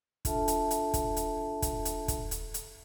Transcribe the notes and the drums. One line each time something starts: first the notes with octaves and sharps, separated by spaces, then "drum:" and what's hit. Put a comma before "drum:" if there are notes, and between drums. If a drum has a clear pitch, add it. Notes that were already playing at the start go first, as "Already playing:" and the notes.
D4 F4 A4 E5 A5, drum: kick, hi-hat
drum: hi-hat
drum: hi-hat
drum: kick, hi-hat
drum: hi-hat
drum: kick, hi-hat
drum: hi-hat
drum: kick, hi-hat
drum: hi-hat
drum: hi-hat